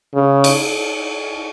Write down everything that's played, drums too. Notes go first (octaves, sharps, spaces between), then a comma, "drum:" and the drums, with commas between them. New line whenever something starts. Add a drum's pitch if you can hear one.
C#3
drum: cymbal